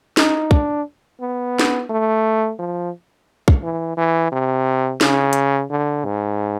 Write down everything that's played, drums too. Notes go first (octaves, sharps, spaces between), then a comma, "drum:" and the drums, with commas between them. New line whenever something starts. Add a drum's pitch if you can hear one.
D#4, drum: snare
D4, drum: kick
B3
drum: snare
A3
F3
drum: kick
E3
E3
C3
C#3, drum: snare
drum: hi-hat
D3
G#2